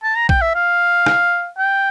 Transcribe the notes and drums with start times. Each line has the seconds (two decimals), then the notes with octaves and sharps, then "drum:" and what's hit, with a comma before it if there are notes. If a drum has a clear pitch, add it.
0.03 A5
0.16 A#5
0.29 G5, drum: kick A#1
0.42 E5
0.55 F5
1.06 drum: rim click
1.58 G5